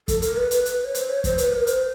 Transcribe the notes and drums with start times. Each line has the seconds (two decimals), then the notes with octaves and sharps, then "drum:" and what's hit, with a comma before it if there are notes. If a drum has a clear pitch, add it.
0.08 A4, drum: kick, hi-hat
0.22 A#4, drum: hi-hat
0.37 B4
0.51 B4, drum: hi-hat
0.65 drum: hi-hat
0.85 C#5
0.95 C5, drum: hi-hat
1.09 C#5
1.24 C5, drum: kick, hi-hat
1.38 B4, drum: hi-hat
1.52 A#4
1.67 C5, drum: hi-hat